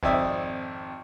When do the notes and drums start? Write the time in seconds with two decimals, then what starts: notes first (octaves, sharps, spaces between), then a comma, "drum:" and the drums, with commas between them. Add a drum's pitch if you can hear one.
0.03 G#1 F2 D5 E5 D#6, drum: kick F#1